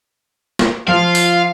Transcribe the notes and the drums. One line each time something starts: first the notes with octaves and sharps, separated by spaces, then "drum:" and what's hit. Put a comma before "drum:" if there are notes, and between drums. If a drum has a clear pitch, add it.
drum: snare
F3 F4 F5
drum: open hi-hat